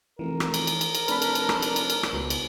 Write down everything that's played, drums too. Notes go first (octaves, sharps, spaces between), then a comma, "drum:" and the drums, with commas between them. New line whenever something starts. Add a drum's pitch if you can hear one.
F1 E3 A#4
drum: rim click
drum: cymbal
drum: cymbal
drum: cymbal
drum: cymbal
F1 D4 B4 B5 F6, drum: cymbal
drum: cymbal
drum: cymbal
drum: rim click
drum: cymbal
drum: cymbal
drum: cymbal
drum: rim click
C#2 B2
drum: cymbal